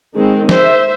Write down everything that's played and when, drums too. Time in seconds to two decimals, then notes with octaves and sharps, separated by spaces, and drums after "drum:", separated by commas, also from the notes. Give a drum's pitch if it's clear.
0.14 D#3 G#3 C4
0.49 C5 E5, drum: snare